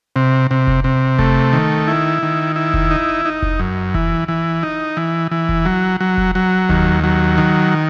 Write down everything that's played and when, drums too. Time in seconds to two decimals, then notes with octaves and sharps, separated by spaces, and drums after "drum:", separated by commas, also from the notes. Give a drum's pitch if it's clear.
0.16 C3
0.51 C3
0.67 drum: kick F1
0.84 C3
1.19 A3, drum: kick F1
1.53 D#3
1.87 E4
2.23 D#3
2.56 E4
2.74 drum: kick F1
2.91 D#4
3.25 D#4
3.42 drum: kick F1
3.59 F#2
3.94 E3, drum: kick F1
4.28 E3
4.63 D#4
4.97 E3
5.31 E3
5.49 drum: kick F1
5.65 F#3
6.00 F#3
6.18 drum: kick F1
6.35 F#3
6.69 D#2, drum: kick F1
7.04 F#3
7.38 D#3